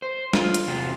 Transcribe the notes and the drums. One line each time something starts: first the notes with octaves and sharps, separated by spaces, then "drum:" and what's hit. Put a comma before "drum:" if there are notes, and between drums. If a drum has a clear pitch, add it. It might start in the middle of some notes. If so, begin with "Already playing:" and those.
C5
F4, drum: snare
drum: hi-hat
E2 C3 F#3 C4 F4